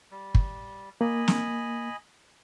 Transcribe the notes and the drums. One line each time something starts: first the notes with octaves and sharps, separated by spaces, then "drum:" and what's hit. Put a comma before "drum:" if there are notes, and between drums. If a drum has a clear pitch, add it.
G3
drum: kick
A#3 D#5 G#5 B5
drum: snare